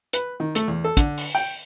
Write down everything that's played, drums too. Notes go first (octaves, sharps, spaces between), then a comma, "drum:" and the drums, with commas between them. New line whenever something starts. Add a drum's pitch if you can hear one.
B4, drum: hi-hat
D#3
A3, drum: hi-hat
E2
A4
D3, drum: kick, hi-hat
drum: open hi-hat
G5